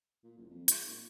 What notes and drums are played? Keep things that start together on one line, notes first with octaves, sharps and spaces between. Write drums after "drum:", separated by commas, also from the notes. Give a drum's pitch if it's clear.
A#2
F#1
F2
G#2, drum: hi-hat
A#2